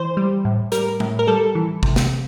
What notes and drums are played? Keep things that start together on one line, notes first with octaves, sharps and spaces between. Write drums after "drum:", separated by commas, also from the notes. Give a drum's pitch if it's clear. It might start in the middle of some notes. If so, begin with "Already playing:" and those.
Already playing: E3 C5
G3
A2
G3 A#4, drum: hi-hat
A2, drum: tom A2
A#4
G3 A4
E3
C3, drum: kick
drum: snare